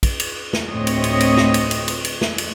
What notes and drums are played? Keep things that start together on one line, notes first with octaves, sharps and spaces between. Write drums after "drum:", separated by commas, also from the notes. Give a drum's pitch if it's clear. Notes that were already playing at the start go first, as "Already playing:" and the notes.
drum: kick, cymbal
drum: cymbal
drum: snare
D2 A2 C4 C#5 D#5
drum: cymbal
drum: cymbal
drum: cymbal
drum: snare
drum: cymbal
drum: cymbal
drum: cymbal
drum: cymbal
drum: snare
drum: cymbal